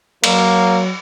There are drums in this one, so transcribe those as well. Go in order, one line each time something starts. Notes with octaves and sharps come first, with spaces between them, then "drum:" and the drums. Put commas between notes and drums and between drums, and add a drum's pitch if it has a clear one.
F#3 A#3, drum: cymbal